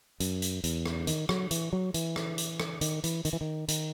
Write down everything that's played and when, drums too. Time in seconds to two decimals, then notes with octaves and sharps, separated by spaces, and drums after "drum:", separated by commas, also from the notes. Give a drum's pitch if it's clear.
0.20 F#2, drum: hi-hat
0.42 drum: hi-hat
0.64 E2, drum: hi-hat
0.86 drum: rim click
1.07 D#3, drum: hi-hat
1.29 F#3, drum: rim click
1.51 E3, drum: hi-hat
1.73 F#3
1.94 E3, drum: hi-hat
2.16 drum: rim click
2.38 drum: hi-hat
2.60 drum: rim click
2.81 D#3, drum: hi-hat
3.04 E3, drum: hi-hat
3.25 D#3, drum: hi-hat
3.33 E3
3.41 D#3
3.68 D#3, drum: hi-hat